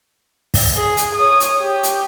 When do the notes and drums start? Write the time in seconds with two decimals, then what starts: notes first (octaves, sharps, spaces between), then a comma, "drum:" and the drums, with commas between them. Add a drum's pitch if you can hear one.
0.54 drum: kick, open hi-hat
0.77 G#4
0.97 drum: hi-hat
1.15 C#5 D#6
1.40 drum: hi-hat
1.62 G4
1.83 drum: hi-hat